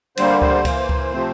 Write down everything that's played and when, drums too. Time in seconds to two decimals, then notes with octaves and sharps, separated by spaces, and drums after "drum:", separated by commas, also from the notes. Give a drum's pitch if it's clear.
0.17 D3 G3 A#3 C5, drum: cymbal
0.42 C5, drum: kick C#2
0.65 E3 A#3, drum: kick C#2, cymbal
0.89 drum: kick C#2
1.13 C3 F3 A3 C4